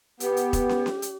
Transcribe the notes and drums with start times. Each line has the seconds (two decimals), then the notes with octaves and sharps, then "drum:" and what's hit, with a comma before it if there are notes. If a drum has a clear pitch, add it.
0.20 B3 G4, drum: hi-hat
0.37 drum: hi-hat
0.53 drum: kick E1, hi-hat
0.69 drum: snare
0.86 drum: snare
1.02 drum: hi-hat